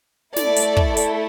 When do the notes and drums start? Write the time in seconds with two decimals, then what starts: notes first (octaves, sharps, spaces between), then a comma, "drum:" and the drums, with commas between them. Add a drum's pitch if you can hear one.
0.36 A3 E4 A4 D5, drum: snare
0.56 drum: hi-hat
0.77 drum: kick
0.97 drum: hi-hat